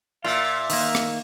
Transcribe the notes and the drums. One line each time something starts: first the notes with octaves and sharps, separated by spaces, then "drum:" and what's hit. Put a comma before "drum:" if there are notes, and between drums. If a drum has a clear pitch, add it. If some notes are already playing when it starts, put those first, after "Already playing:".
A#2 F4 E5
D#3 A#3, drum: open hi-hat
drum: rim click